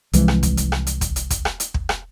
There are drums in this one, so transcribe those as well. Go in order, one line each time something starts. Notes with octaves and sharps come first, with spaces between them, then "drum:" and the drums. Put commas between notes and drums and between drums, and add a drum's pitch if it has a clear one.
C2 E3 F3 G#3, drum: hi-hat
drum: rim click
drum: kick, hi-hat
drum: hi-hat
drum: rim click
drum: hi-hat
drum: kick, hi-hat
drum: hi-hat
drum: kick, hi-hat
drum: rim click
drum: hi-hat
drum: kick
drum: rim click